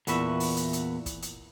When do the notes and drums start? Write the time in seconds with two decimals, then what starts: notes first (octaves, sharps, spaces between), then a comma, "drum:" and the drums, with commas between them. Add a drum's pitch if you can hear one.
0.07 E2 A#2 F#4 B4 E5, drum: hi-hat
0.40 drum: open hi-hat
0.56 drum: hi-hat
0.73 drum: hi-hat
1.06 drum: kick, hi-hat
1.22 drum: hi-hat